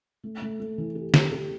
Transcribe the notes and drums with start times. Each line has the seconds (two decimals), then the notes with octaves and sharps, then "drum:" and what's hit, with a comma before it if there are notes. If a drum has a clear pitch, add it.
0.24 A3
0.42 A3
0.60 A3
0.78 E3
0.95 G4
1.14 G4, drum: snare
1.32 G4